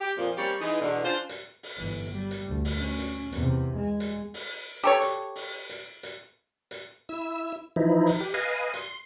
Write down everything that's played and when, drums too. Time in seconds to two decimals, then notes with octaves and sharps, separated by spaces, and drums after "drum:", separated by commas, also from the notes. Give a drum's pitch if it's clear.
0.01 G4
0.18 F2 A#2 F3
0.37 G3 A#3 C4 C#4 G4 C#5
0.60 E3 G#3 D#4
0.81 E2 B2 D3
1.04 C#4 D4 F4 C5
1.29 drum: hi-hat
1.63 drum: open hi-hat
1.78 G1 E3
2.11 G3
2.31 drum: hi-hat
2.48 D2
2.65 drum: open hi-hat
2.82 C#4
2.99 drum: hi-hat
3.32 E2 C3, drum: hi-hat
3.77 G#3
4.00 drum: hi-hat
4.34 drum: open hi-hat
4.83 G4 A4 C#5
5.02 drum: hi-hat
5.36 drum: open hi-hat
5.69 drum: hi-hat
6.03 drum: hi-hat
6.71 drum: hi-hat
7.09 E4 E6
7.76 E3 F3 D#4 E4
8.06 drum: open hi-hat
8.21 G4
8.34 B4 D#5 F5 G#5
8.74 C6, drum: hi-hat